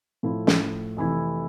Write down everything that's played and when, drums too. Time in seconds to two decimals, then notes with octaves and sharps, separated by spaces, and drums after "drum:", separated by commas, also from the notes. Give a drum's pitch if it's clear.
0.23 A2 F3 A3 E4
0.47 drum: snare
0.97 F2 C3 E3 A3 E4